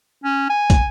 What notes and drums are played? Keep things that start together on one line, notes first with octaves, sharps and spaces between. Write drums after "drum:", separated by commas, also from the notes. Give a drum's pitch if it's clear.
C#4
G#5
drum: kick, hi-hat